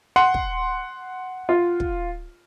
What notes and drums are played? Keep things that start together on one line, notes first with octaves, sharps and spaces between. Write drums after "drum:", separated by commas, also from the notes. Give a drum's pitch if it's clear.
F#5 C6
drum: kick
F4
drum: kick